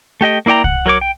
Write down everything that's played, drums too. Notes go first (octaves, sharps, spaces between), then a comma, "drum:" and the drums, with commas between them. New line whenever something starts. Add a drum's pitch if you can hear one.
A3 G4 D#5 G5
A#3 E4 D5 G5 A#5
F#5, drum: kick C2
F#3 A#4 C#5 D6
G5